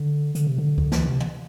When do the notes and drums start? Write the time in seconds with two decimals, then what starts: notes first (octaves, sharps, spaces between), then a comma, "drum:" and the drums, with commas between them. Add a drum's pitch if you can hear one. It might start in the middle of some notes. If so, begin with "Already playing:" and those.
Already playing: D3
0.35 D3, drum: hi-hat
0.47 C3
0.58 D3
0.78 drum: kick C#2
0.92 E3, drum: snare
1.06 C3
1.20 drum: tom